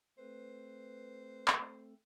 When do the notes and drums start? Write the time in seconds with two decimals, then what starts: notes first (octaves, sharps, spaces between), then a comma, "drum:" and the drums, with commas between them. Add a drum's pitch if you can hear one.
0.18 A3 C4 A4 B4 C5
1.48 drum: clap